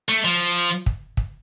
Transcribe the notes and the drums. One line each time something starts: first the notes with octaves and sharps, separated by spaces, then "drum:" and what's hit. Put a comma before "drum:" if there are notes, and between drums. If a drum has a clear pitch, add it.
A3
F3
drum: kick
drum: kick